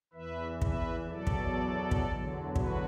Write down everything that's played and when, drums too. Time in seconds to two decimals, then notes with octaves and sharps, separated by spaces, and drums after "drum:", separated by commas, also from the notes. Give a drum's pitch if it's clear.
0.13 E2 E3 B4 E5
0.62 B4 E5, drum: kick
1.10 E2 B2 F#3 A4 D5
1.27 drum: kick
1.91 drum: kick
2.07 E2 D3 F#3
2.56 F#4 B4, drum: kick